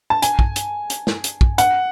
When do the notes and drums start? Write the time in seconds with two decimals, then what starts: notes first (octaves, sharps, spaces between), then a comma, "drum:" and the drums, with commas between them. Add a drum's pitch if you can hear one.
0.10 A5
0.22 G#5, drum: hi-hat
0.39 drum: kick
0.56 drum: hi-hat
0.90 drum: hi-hat
1.07 drum: snare
1.24 drum: hi-hat
1.41 drum: kick
1.58 F#5, drum: hi-hat